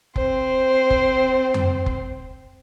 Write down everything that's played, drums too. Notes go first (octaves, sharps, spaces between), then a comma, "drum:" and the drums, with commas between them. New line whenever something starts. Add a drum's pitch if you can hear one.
C4 C5, drum: kick F1
drum: kick F1
drum: tom F2
drum: kick F1